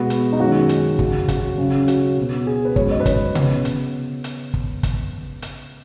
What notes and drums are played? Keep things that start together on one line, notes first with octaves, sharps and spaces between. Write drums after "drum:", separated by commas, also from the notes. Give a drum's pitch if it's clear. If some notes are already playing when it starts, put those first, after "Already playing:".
Already playing: B2 G#3 B3 F#4
drum: hi-hat
D#4
F#2 D#3 G#3 C#4 F#4
drum: hi-hat
C#3 F#3 C#4, drum: kick
F#4, drum: kick, hi-hat
C#3 F#3 C#4
F#4, drum: hi-hat
B2 B3
G#4
B4
G#2 F#3 C#4 C#5, drum: kick
D#5
B4
C#5, drum: kick, hi-hat
C#3 B3, drum: tom C3
drum: hi-hat
drum: hi-hat
drum: kick
drum: kick, hi-hat
drum: hi-hat